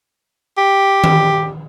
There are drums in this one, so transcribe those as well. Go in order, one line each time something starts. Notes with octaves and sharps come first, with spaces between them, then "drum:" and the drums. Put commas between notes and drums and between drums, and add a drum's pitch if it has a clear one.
G4
drum: tom D#3